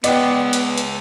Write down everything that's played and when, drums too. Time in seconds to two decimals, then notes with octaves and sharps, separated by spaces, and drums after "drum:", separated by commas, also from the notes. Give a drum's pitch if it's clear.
0.04 C#3 G#3 B3 D5 D#5 G5, drum: hi-hat
0.53 drum: hi-hat
0.78 drum: hi-hat